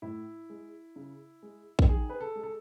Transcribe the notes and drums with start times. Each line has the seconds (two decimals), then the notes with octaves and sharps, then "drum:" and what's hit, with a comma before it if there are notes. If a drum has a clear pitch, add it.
0.02 A2 E4
0.50 G#3
0.96 C#3
1.43 G#3
1.79 drum: kick A#1
1.89 D#3 G#4
2.09 B4
2.21 A4
2.35 G#3
2.44 A4